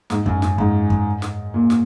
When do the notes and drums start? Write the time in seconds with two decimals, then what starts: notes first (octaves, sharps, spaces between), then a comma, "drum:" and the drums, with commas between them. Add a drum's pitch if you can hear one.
0.10 G#2, drum: snare
0.26 F#2, drum: kick
0.42 F#2, drum: snare
0.58 G#2, drum: kick
0.90 drum: kick
1.22 drum: snare
1.54 A#2
1.70 drum: snare